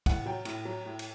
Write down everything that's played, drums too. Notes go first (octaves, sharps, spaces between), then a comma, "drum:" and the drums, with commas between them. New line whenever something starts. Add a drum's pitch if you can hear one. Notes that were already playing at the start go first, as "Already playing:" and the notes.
A2 F#5, drum: kick, cymbal
F#3 G5
A2, drum: cymbal
F#3
A2
drum: cymbal